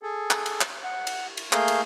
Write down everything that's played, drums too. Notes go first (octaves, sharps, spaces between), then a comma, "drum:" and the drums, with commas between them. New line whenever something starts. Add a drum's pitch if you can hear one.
G#4 A4
drum: clap
drum: cymbal
drum: clap
F#5
drum: cymbal
drum: cymbal
A3 A#3 G#4 F5 G6, drum: clap
drum: cymbal